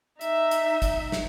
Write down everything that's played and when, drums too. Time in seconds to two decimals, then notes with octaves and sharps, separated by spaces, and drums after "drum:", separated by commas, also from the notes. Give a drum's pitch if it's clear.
0.21 D#4 E5, drum: hi-hat
0.51 drum: hi-hat
0.82 drum: kick, hi-hat
1.12 drum: snare